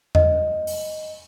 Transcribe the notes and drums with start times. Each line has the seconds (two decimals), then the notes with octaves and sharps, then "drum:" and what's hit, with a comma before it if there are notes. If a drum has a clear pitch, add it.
0.15 D#5, drum: tom E2
0.67 drum: open hi-hat